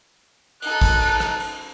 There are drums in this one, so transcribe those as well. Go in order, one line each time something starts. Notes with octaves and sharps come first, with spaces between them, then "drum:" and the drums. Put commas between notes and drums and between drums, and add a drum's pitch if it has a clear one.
D#4 A4 F#6, drum: cymbal
drum: kick A1, cymbal
drum: cymbal
drum: rim click
drum: cymbal